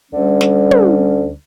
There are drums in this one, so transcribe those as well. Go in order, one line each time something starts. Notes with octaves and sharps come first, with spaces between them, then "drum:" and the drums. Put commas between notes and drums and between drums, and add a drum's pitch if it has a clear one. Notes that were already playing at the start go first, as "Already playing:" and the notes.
D2 D3 G3 C#4
drum: snare
drum: tom